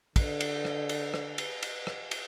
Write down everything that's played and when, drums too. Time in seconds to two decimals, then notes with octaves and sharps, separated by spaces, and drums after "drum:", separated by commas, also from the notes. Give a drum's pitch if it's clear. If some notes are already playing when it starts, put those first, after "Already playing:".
0.16 D3, drum: kick, cymbal
0.40 drum: cymbal
0.65 drum: rim click
0.89 drum: cymbal
1.14 drum: rim click
1.38 drum: cymbal
1.63 drum: cymbal
1.87 drum: rim click
2.11 drum: cymbal